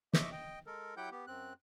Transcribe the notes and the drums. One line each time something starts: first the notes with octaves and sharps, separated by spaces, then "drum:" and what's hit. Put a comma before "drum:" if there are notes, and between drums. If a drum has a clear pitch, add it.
D#5 E5 C#6 D6, drum: snare
D#5 G5
G#3 A4 A#4
F#3 E4 G4 F#5 G5 G6
B3 G4
F#2 C4 F#6